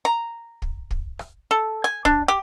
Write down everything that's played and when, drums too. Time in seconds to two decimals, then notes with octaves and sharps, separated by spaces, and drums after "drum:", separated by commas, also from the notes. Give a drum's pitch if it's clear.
0.05 A#5
0.62 drum: kick
0.91 drum: kick
1.19 drum: rim click
1.51 A4
1.84 G#5
2.05 D4, drum: kick
2.28 G4